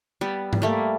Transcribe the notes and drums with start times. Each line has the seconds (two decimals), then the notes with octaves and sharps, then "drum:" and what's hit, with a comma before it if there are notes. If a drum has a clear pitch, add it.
0.21 G3 B3
0.53 drum: tom G#2
0.62 G3 A3 A#3